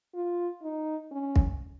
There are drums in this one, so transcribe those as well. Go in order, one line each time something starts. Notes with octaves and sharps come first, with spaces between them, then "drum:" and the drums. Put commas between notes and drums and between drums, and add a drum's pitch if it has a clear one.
F4
D#4
C#4
drum: kick